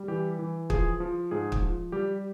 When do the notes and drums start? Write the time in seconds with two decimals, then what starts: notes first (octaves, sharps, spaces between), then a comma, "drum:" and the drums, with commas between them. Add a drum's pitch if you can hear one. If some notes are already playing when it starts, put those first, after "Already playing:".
Already playing: G3
0.08 E3 G4
0.39 E3
0.70 F3 G#4, drum: kick
1.00 F3
1.31 G#2 G#4
1.52 drum: kick
1.62 F3
1.92 G3 G4